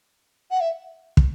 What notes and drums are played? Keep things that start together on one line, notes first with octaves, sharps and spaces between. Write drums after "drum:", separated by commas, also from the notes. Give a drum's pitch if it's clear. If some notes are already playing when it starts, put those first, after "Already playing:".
F#5
E5
drum: kick